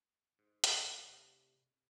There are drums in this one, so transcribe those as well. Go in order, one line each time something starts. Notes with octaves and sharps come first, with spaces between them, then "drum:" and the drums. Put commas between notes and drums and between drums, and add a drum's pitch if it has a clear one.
G#2
D#2 F#3 F4 G4, drum: hi-hat
C3 A3 D4 E4